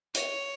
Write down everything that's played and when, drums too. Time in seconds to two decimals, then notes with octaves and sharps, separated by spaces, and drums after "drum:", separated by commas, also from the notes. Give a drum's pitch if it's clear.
0.15 C#5, drum: hi-hat